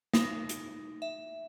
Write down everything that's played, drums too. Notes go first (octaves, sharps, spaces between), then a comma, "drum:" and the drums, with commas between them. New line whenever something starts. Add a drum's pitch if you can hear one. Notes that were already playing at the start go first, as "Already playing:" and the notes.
D#4, drum: snare
drum: hi-hat
E5